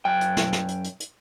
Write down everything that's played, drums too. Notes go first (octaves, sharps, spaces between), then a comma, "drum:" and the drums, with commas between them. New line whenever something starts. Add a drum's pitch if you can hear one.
F#2 G5
drum: hi-hat
drum: snare
drum: snare
drum: hi-hat
drum: hi-hat
drum: hi-hat